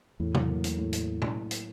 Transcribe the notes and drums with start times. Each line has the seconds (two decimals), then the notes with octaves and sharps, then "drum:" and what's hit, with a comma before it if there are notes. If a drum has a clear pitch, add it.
0.20 E2 A2
0.35 F#3, drum: tom
0.49 A#3
0.64 A2, drum: hi-hat
0.78 A2
0.93 drum: hi-hat
1.22 drum: tom
1.51 drum: hi-hat